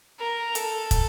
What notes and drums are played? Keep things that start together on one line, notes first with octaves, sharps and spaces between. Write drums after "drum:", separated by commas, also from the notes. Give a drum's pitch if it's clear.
A#4
A4, drum: hi-hat
drum: kick, hi-hat